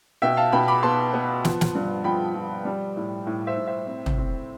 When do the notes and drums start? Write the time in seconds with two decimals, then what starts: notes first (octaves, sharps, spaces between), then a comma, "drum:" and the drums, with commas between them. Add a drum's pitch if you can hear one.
0.22 B2 E5 G5
0.37 F5 A5
0.52 B2 G5 B5
0.68 B5 D6
0.83 B3 A5 C6
1.14 B3
1.45 F3, drum: snare
1.61 drum: snare
1.75 G2
2.04 F3 G5 B5
2.35 F3
2.65 G3
2.97 A2
3.27 A2
3.47 C5 E5
3.57 A2
3.67 C5 E5
3.87 C4
4.06 drum: tom
4.18 C4